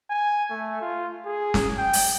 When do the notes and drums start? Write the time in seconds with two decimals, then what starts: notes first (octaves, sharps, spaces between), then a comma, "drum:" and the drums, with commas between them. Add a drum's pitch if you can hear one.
0.10 G#5
0.51 A3
0.81 F4
1.26 G#4
1.54 drum: snare
1.77 G5
1.93 drum: open hi-hat